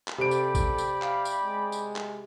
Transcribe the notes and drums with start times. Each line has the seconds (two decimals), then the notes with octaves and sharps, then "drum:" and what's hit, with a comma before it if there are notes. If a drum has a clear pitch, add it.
0.08 drum: clap
0.18 C3 G4 A4 D5 B5 D7
0.31 drum: tambourine
0.55 drum: kick, tambourine
0.78 drum: tambourine
1.02 F5, drum: clap
1.25 drum: tambourine
1.44 G#3
1.72 drum: tambourine
1.96 drum: clap